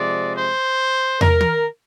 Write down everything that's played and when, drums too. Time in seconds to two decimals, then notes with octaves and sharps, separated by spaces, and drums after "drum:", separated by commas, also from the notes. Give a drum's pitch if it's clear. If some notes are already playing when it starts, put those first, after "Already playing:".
Already playing: C3 F3 G#3 D5
0.35 C5
1.21 A#4, drum: tom
1.41 drum: tom